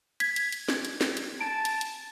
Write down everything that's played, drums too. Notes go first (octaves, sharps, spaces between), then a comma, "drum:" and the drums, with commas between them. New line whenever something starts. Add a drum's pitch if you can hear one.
G#6 B6, drum: hi-hat
drum: hi-hat
drum: hi-hat
drum: snare
drum: hi-hat
drum: snare
drum: hi-hat
A5 D7
drum: hi-hat
drum: hi-hat